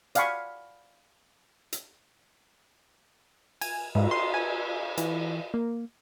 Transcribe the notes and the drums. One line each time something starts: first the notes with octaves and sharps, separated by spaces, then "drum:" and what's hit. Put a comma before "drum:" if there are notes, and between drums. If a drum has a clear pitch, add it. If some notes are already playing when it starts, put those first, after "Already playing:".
D5 F5 F#5 G#5 B5 C#6, drum: hi-hat
drum: hi-hat
G#5, drum: cymbal
G#2, drum: cymbal
C6
G#5
E3, drum: hi-hat
A#3